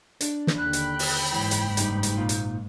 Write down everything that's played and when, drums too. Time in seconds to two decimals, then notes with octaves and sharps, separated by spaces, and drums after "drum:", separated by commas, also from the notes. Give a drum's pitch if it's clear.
0.21 D4, drum: hi-hat
0.47 drum: snare
0.57 D#2 D3 G5 B5 F#6
0.73 drum: hi-hat
0.99 drum: open hi-hat
1.33 F#1 G#2 E3 C#5
1.51 drum: hi-hat
1.77 G2 G3 D#4, drum: hi-hat
2.03 drum: hi-hat
2.18 A#2 F4
2.29 drum: hi-hat